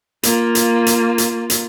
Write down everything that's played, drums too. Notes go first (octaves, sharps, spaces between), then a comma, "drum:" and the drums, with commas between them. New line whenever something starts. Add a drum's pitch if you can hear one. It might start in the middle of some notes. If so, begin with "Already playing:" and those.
A#3 F4, drum: hi-hat
drum: hi-hat
drum: hi-hat
drum: hi-hat
drum: hi-hat